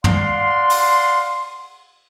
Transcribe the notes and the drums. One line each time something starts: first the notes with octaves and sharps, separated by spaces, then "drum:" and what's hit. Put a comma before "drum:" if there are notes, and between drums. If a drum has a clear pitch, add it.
D5 F5 F#5 C6, drum: tom
drum: open hi-hat